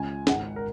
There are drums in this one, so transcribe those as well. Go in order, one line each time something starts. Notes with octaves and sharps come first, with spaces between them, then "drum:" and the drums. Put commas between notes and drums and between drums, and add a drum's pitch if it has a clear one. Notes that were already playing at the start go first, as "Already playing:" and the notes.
Already playing: C#2 C#3 G#5
G#1 G#2 D#3 F#5, drum: snare
A#4